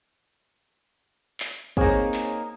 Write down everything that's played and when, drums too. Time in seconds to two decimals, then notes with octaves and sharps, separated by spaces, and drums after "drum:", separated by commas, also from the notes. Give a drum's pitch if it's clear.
1.40 drum: clap
1.77 A#3 C4 D#4 G#4 C#5, drum: kick
2.14 drum: clap